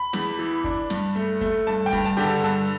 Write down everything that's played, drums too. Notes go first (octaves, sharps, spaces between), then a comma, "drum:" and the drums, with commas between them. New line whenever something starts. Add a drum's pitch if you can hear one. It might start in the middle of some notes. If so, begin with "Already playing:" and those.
Already playing: B5
E2, drum: snare
E3
D4, drum: kick
G2, drum: snare
A3
A3, drum: kick
G2 A5
G5
G2, drum: kick
A5
D3 G4
A4
G2 A4